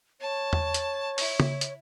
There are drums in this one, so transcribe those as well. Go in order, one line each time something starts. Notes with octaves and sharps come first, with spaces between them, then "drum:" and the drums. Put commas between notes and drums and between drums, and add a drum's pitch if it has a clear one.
C#5 A5
drum: tom
drum: hi-hat
E4, drum: open hi-hat
drum: tom C#3
drum: hi-hat